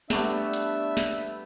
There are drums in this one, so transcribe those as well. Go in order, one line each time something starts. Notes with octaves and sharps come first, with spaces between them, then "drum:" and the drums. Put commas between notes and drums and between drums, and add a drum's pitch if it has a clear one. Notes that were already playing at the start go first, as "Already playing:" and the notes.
G3 A3 B3 D4 E5, drum: snare
drum: hi-hat
drum: snare